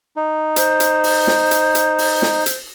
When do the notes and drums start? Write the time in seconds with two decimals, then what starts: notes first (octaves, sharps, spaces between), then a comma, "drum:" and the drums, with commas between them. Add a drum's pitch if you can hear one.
0.16 D#4
0.56 C5, drum: hi-hat
0.80 drum: hi-hat
1.04 drum: open hi-hat
1.27 drum: snare
1.51 drum: hi-hat
1.75 drum: hi-hat
1.98 drum: open hi-hat
2.22 drum: snare
2.46 drum: hi-hat